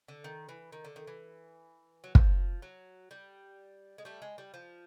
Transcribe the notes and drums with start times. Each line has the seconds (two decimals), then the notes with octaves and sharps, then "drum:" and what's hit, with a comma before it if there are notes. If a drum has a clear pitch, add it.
0.08 D3
0.24 D#3
0.49 E3
0.72 D#3
0.85 D3
0.96 D#3
1.07 E3
2.04 F#3
2.15 F3, drum: kick
2.62 F#3
3.11 G3
3.98 G#3
4.05 G3 A3
4.22 G#3
4.38 G3
4.54 F3